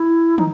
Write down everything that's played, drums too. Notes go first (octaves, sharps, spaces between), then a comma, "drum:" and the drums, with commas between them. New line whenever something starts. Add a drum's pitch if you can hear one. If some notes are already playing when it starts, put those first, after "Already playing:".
Already playing: E4
D#4, drum: tom